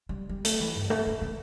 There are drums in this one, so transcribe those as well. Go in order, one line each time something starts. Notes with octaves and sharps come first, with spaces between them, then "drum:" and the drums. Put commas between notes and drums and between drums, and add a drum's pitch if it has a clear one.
G3
G3
A3, drum: hi-hat
E3
G2
A3
A3
E3